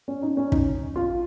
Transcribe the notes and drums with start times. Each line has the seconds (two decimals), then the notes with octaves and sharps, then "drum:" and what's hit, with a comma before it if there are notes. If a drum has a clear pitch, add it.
0.08 C#4
0.23 D#4
0.37 C#4
0.52 D#4, drum: kick
0.96 F4